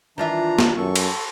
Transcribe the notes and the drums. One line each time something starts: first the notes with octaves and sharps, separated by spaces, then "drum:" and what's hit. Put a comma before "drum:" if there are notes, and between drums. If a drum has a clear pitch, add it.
D#3 E3 D4 F4 E5 A#5
drum: snare
F#2 A4 C#6
drum: cymbal